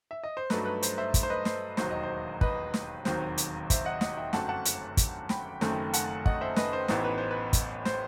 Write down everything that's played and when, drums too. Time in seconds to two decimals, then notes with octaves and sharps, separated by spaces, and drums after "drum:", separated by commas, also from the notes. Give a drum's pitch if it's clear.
0.11 E5
0.24 D#5
0.37 C5
0.50 G2 F#3 A3 D#4 B4, drum: snare
0.65 B4
0.82 C5, drum: hi-hat
0.98 C5 E5
1.14 drum: kick, hi-hat
1.23 C5
1.30 B4 D#5
1.45 C5, drum: snare
1.77 E1 D#2 D#3 F#3 C5, drum: snare
1.91 D#5
2.03 C5
2.41 B4 D#5, drum: kick
2.74 drum: snare
3.05 E1 D#2 D#3 F#3 C4 C5, drum: snare
3.38 drum: hi-hat
3.70 C5 E5, drum: kick, hi-hat
3.85 D#5 F#5
4.01 D#5 F#5, drum: snare
4.17 E5 G5
4.33 G1 F#2 F#3 A3 C4 F#5 A5, drum: snare
4.49 F#5 A5
4.65 drum: hi-hat
4.97 drum: kick, hi-hat
5.29 G5 B5, drum: snare
5.61 F#1 F#2 D#3 A3 C4, drum: snare
5.93 F#5 A5, drum: hi-hat
6.26 D#5 F#5, drum: kick
6.41 C5 E5
6.56 B4 D#5, drum: snare
6.73 C5
6.88 A1 A2 E3 B3 D#4 C5, drum: snare
7.04 B4
7.18 C5
7.31 B4
7.53 drum: kick, hi-hat
7.85 C5, drum: snare